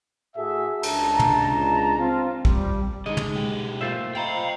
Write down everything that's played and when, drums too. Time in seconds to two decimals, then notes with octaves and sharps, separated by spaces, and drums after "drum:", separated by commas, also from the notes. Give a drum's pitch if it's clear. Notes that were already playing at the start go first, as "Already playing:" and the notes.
0.36 A2 F#4 G#4 A4 E5
0.83 C#2 D4 A5 A#5, drum: cymbal
1.19 drum: tom
1.99 C4 F4
2.45 G3, drum: kick
3.06 D3 G#3 C#4 D#4 D#5
3.17 drum: tom
3.35 B1 G4
3.81 A3 A#3 F4 C5 E5
4.15 C4 D#5 F5 G5 A#5 B5